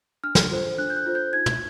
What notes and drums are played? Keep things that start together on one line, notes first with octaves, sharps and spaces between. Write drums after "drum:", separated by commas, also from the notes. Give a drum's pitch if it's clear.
D4 F6
drum: snare
F4 A4 C5
D4 F#6
G6
F#6
F4 A4 C5
G6
D#4 G#6
drum: tom